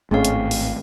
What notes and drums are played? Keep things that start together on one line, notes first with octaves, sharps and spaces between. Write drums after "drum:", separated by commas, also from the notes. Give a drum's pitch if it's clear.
G#1 A2 G#3 A3 C4 C#4 F5
drum: hi-hat
drum: open hi-hat